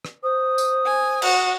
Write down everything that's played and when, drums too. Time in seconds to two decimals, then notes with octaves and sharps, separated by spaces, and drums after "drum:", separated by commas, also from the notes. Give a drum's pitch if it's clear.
0.05 drum: rim click
0.23 C5 D#6
0.58 drum: tambourine
0.85 G#5
1.22 F#4, drum: cymbal